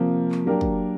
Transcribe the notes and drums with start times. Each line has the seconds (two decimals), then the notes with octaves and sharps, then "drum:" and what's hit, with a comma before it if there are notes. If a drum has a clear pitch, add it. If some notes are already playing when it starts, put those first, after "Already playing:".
Already playing: C3 F3 A#3
0.31 drum: clap
0.46 F#3 A#3 D4 G4 A#4
0.61 drum: kick